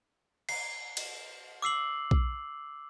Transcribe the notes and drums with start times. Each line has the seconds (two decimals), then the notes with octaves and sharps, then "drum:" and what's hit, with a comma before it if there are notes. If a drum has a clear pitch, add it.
0.49 C7, drum: cymbal
0.97 drum: cymbal
1.62 D6 E6 C7 F#7
2.11 drum: kick B1